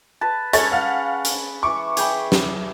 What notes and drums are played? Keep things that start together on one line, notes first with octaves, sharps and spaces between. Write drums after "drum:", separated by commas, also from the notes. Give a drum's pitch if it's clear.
B4 A5
C#4 G#4 A4 C#5 A6, drum: hi-hat
F5 F#5
drum: hi-hat
E3 C#6 D6
G#4 G5 B5, drum: hi-hat
drum: snare